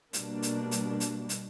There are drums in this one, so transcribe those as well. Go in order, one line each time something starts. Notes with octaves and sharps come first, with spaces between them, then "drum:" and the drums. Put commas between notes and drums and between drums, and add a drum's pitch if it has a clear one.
B2 G3 A#3 D4, drum: hi-hat
drum: hi-hat
drum: hi-hat
drum: hi-hat
drum: hi-hat